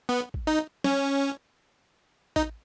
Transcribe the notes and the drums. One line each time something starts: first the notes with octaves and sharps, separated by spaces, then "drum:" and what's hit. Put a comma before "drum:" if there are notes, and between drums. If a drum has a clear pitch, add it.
B3
drum: kick A1
D#4
C#4, drum: snare
D#4, drum: kick A1